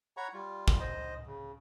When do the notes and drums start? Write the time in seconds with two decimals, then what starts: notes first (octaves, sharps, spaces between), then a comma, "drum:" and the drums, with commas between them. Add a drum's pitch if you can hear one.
0.17 C#5 F#5 A#5 B5 C#6
0.33 G3 F4
0.68 drum: kick
0.80 C5 D#5
1.26 C#3